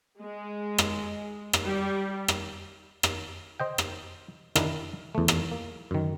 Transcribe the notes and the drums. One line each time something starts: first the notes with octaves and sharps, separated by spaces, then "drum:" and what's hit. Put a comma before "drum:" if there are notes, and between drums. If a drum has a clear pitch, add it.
G#3
drum: rim click
drum: rim click
G3
drum: rim click
drum: rim click
C5 D#5 G5
drum: rim click
D#3 D4 E4 A#4, drum: rim click
E2 A3
drum: rim click
A#3
F#2 D#3